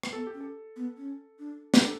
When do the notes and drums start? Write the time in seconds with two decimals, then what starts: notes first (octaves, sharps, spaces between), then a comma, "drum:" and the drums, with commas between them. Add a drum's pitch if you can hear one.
0.03 drum: rim click
0.13 B3 A4
0.27 G4
0.34 C#4
0.41 A4
0.76 B3
0.97 C#4
1.39 D4
1.74 G4, drum: snare
1.81 D4 A4